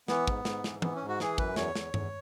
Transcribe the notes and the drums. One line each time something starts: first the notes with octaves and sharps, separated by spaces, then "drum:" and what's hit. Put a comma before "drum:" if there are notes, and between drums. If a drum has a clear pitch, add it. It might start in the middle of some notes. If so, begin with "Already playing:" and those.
E3 B3, drum: snare
G#2, drum: kick
G#2, drum: snare
E3, drum: snare
E3 B3, drum: tom
C#4
G#2
F#4
E3 G#4, drum: snare
F#2 B4, drum: kick
E2 C#5, drum: snare
E2, drum: snare
E2, drum: tom G2